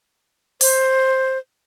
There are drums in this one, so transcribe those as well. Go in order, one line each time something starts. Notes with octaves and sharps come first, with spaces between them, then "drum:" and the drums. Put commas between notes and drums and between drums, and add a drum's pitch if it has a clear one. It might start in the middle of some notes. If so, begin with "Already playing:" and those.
C5, drum: open hi-hat